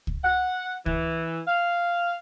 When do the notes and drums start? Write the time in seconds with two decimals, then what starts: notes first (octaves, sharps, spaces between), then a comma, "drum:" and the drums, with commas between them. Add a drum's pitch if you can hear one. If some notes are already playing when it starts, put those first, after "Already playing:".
0.07 drum: kick C#2
0.24 F#5
0.86 E3, drum: kick C#2
1.48 F5